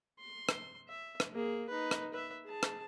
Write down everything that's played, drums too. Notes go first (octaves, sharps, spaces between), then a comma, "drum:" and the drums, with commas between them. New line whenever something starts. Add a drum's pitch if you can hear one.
C6
drum: rim click
E5
drum: rim click
A#3 G#4
D#4 B4
drum: rim click
B4 E5
G#4 A5
drum: rim click